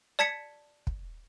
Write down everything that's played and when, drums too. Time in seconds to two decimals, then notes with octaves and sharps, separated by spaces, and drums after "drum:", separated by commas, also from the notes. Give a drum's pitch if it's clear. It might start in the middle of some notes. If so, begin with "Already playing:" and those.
0.19 D5 A5 G#6 B6 C#7
0.87 drum: kick